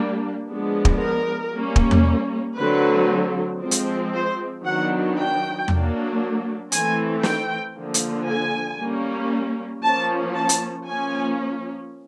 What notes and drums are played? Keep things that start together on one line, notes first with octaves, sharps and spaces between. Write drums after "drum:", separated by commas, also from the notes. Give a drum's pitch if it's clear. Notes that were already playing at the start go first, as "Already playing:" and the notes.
Already playing: G3 A#3 D4
F3 G#3 B3 D4
drum: kick
A#4
G3 A#3 C#4
drum: kick
drum: tom E2
D3 F#3 A3 C4 B4
F3 G#3 C4
drum: hi-hat
C5
D#3 F#3 B3 D4 F#5
G5
F#3 A#3 D4, drum: tom E2
E3 A3 C4 G#5, drum: hi-hat
G5, drum: snare
D3 F3 A#3
drum: hi-hat
G#5
G3 A#3 C#4
F3 A#3 C#4 A5
A5
drum: hi-hat
F3 A#3 C#4 G#5